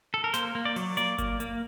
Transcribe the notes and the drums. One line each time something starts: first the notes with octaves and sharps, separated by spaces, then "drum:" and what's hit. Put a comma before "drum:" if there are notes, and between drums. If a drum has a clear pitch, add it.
A4
A#4
A#3 C5, drum: snare
A#3
D5
F#3, drum: open hi-hat
A#3 D5, drum: hi-hat
A#3, drum: kick G1, hi-hat
A#3, drum: hi-hat